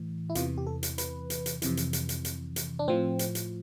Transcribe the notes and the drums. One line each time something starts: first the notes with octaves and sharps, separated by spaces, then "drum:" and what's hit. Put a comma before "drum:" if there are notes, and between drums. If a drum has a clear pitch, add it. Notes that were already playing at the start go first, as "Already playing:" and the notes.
Already playing: A2 E3
E4
E2 C3 E3 F4, drum: hi-hat
G4
A4
drum: hi-hat
B4, drum: hi-hat
drum: hi-hat
drum: hi-hat
F2 C3 E3, drum: hi-hat
drum: hi-hat
drum: hi-hat
drum: hi-hat
drum: hi-hat
drum: hi-hat
D4
A2 F3 C4
drum: hi-hat
drum: hi-hat